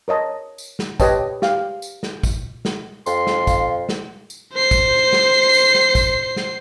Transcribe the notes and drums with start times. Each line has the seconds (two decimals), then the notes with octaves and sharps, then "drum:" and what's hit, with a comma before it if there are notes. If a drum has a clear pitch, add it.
0.08 A#4 C#5 D#5 A5
0.58 drum: tambourine
0.79 drum: snare
1.00 G4 B4 C#5 D#5 G5 A5, drum: kick, tambourine
1.42 G4 F5, drum: snare
1.82 drum: tambourine
2.03 drum: snare
2.23 drum: kick, tambourine
2.65 drum: snare
3.06 F2 F5 C6, drum: tambourine
3.27 drum: snare
3.47 drum: kick, tambourine
3.89 drum: snare
4.30 drum: tambourine
4.54 C5 C7
4.71 drum: kick, tambourine
5.13 drum: snare
5.54 drum: tambourine
5.74 drum: snare
5.95 drum: kick, tambourine
6.36 drum: snare